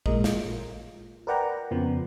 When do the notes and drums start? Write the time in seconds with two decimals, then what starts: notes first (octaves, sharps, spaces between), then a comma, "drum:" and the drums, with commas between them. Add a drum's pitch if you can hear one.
0.06 A#2 G#3 A#4 D#5, drum: kick
0.24 F4, drum: snare
1.27 A#4 B4 D5 F#5 G5 A#5
1.71 F2 C#3 F3 B3